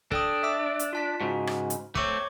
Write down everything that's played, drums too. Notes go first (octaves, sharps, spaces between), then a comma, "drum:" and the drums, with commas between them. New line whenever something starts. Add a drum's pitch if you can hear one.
D4 A4 G5 D#6, drum: kick
E5 D6 E6
drum: hi-hat
F4 A5 B6
G#2 C#3 F#4
drum: rim click
drum: hi-hat
A3 C4 C#5 C#6 D6, drum: kick